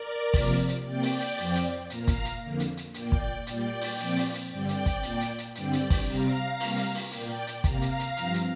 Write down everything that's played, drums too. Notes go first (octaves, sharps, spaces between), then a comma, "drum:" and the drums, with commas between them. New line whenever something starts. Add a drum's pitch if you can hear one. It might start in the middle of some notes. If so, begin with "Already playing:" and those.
Already playing: A#4 D5
C3 F3 A#3, drum: kick, open hi-hat
drum: hi-hat
C3 A#3 D5 G5
drum: open hi-hat
drum: hi-hat
F2 F3 C4, drum: open hi-hat
drum: hi-hat
A#2 A#3 F5 A#5, drum: hi-hat
drum: kick, hi-hat
drum: hi-hat
F2 D3 A#3
drum: hi-hat
drum: hi-hat
A#2 A#3 D5 G5, drum: hi-hat
drum: kick
A#2 G3 A#3 D5 G5, drum: hi-hat
drum: open hi-hat
A#2 F3 C4, drum: hi-hat
drum: open hi-hat
drum: hi-hat
G2 D3 G3 C4 D5 G5
drum: hi-hat
drum: kick, hi-hat
A#2 A#3, drum: hi-hat
drum: hi-hat
drum: hi-hat
G2 D3 G3 C4 D5 G5, drum: hi-hat
drum: hi-hat
drum: kick, open hi-hat
C3 G3 C4 F5 A#5
C3 G3 A#3, drum: open hi-hat
drum: hi-hat
drum: open hi-hat
A#2 A#3 D5 G5, drum: hi-hat
drum: hi-hat
C3 A#3 F5 A#5, drum: kick, hi-hat
drum: hi-hat
drum: hi-hat
G2 F3 C4, drum: hi-hat
drum: hi-hat